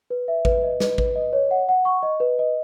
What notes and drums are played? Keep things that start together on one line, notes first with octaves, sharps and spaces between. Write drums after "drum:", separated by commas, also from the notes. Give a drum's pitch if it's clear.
B4
E5
B4, drum: kick A1
D#5
B4, drum: snare
B4, drum: kick A1
D#5
C#5
F#5
F#5
C#6
D#5
B4
D#5